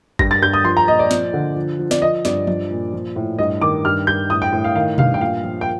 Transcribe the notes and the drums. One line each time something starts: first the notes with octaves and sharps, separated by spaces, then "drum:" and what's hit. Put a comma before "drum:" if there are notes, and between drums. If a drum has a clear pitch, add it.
G2 A#6, drum: kick G#1
A6
G2 G6
D#6
F3 C6
A#5
A#2 D#5
D5
F3, drum: snare
D3
F3
F3
D5, drum: snare
F3 D#5
G2 D5, drum: snare
F3, drum: tom
A#2
F3
A2
G2 D#5
D#3 D6
G2 F6
G2 G6
A2 D#6
G5
A2
F5
D#3 F5
G2 F5, drum: tom B2
G5
A#2 F5
F3
G5